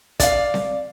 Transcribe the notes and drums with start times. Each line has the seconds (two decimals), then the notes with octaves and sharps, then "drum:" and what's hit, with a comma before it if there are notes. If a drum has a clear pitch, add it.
0.20 D5 F5, drum: kick, hi-hat
0.54 drum: snare C4